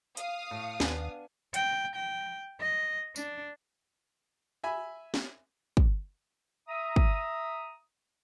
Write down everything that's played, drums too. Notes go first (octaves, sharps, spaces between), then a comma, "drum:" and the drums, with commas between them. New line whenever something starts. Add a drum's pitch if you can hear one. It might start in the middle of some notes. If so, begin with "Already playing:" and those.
F5 D#6, drum: hi-hat
A2 C#6
D#2 B3 D4 G#5, drum: snare
G5, drum: hi-hat
G5
D#5
D4, drum: tambourine
E5 G#5 B5
drum: snare
drum: kick
E5 A#5 D#6
drum: kick